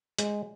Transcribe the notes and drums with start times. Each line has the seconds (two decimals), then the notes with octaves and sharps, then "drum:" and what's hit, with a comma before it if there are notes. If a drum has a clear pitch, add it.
0.18 G#3, drum: hi-hat